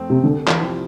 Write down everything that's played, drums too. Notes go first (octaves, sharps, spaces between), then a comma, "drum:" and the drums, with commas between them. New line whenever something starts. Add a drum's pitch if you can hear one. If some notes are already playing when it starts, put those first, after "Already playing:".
Already playing: F2 A3 C4
C3
C2 D3
E3, drum: clap
C3 F3 C4 E4